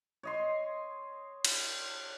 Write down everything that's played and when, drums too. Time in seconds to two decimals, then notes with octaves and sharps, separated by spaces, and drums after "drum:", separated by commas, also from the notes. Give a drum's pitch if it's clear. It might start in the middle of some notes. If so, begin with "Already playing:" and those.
0.23 C#5 D#5 C6
1.45 drum: cymbal